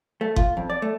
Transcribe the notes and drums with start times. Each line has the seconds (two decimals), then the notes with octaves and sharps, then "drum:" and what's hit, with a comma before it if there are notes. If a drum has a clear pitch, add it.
0.21 A3
0.36 F4, drum: kick F#1
0.57 F2
0.70 D5
0.82 A3